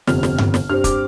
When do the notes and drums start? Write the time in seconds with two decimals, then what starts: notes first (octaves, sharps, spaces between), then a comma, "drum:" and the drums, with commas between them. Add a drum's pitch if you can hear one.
0.07 G1 F2 C3 F6, drum: snare
0.23 drum: snare
0.38 drum: tom G2
0.54 drum: snare
0.69 G2 G3 C4 F6
0.84 D6, drum: kick, hi-hat